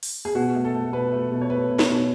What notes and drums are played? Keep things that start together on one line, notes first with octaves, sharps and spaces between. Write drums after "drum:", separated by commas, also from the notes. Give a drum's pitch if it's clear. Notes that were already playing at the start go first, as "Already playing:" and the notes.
drum: open hi-hat
G#4
B2 F#4
A3
A4
A3
B2 B4
A3
B2
C#5
A3 B4
B2
C#5, drum: snare
B2